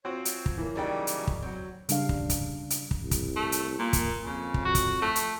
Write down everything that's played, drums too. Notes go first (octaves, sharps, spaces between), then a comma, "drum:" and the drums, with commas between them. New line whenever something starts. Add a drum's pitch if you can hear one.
F3 C4 F#4 C5 C#5
drum: hi-hat
drum: kick
E3 A#3
C#3 F#3 G3 D#4 D5 G5
drum: hi-hat
F#3
drum: kick
F#3 C4
C#3 G3 D4 F5, drum: hi-hat
drum: kick
drum: kick, hi-hat
drum: hi-hat
drum: kick
C2
drum: kick, hi-hat
A3
drum: hi-hat
A#2 A#3
drum: kick, hi-hat
F2 C#3
drum: kick
F#4
drum: kick, hi-hat
A3
drum: hi-hat